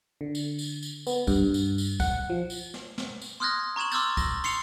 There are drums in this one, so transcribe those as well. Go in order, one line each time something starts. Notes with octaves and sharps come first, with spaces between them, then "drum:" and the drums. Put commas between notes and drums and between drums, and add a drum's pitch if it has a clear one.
D3
drum: tambourine
drum: tambourine
drum: tambourine
B3, drum: tambourine
G2, drum: kick, tambourine
drum: tambourine
drum: tambourine
F#5, drum: kick, tambourine
F3
drum: tambourine
drum: snare
drum: snare
drum: tambourine
C6 D#6 F6 F#6 G#6 A#6
A#5 C#6 G#6 E7 F#7
C6 D6 E6 F6 G6 A6, drum: tambourine
A#6, drum: kick, tambourine
C6 C7 C#7 F7, drum: tambourine